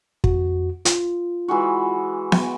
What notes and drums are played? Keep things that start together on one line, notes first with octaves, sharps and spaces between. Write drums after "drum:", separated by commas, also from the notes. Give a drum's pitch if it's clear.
F2 F#4, drum: kick
F4, drum: hi-hat
E3 G#3 F#4
drum: snare B3